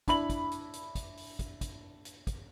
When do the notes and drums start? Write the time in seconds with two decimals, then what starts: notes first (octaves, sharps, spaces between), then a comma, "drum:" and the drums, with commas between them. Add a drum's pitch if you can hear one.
0.08 D4 E4 B5 F#7, drum: kick, hi-hat
0.30 drum: kick, hi-hat
0.51 drum: hi-hat
0.73 drum: hi-hat
0.95 drum: kick, hi-hat
1.17 drum: open hi-hat
1.39 drum: kick, hi-hat
1.61 drum: kick, hi-hat
2.05 drum: hi-hat
2.27 drum: kick, hi-hat